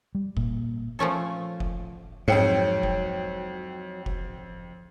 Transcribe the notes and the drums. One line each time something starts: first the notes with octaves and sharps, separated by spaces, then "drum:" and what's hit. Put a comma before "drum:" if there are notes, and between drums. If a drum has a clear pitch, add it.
G3
A#2, drum: kick F1
F3 A3 C#4 A4
drum: kick F1
F2 G#2 F#3 G5 C#7
drum: kick F1
drum: kick F1